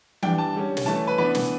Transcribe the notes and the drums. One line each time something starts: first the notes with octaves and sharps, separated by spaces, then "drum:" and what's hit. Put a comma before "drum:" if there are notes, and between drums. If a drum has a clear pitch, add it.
E3 G3 D4 G5, drum: tom E3
A5
D3 G3 C#4
drum: snare
E3 A3 C#4 A5
B4
E3 B3 D4 B4
drum: snare